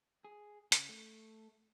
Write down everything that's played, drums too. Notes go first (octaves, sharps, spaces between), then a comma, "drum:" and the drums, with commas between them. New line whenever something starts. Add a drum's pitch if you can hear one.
G#4
C#3, drum: hi-hat
A3